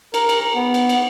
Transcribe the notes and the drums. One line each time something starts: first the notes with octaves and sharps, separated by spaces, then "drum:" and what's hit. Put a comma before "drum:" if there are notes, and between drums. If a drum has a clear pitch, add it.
A#4, drum: cymbal
drum: cymbal
B3
drum: cymbal
drum: cymbal